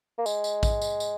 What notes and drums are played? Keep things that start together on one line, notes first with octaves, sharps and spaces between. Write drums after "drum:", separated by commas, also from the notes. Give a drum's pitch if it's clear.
A#3
G#3, drum: tambourine
drum: tambourine
drum: kick A1, tambourine
drum: tambourine
drum: tambourine